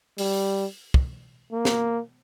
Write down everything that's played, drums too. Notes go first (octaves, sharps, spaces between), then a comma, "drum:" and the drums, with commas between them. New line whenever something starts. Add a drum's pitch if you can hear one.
G3, drum: open hi-hat
drum: kick
A#3
drum: snare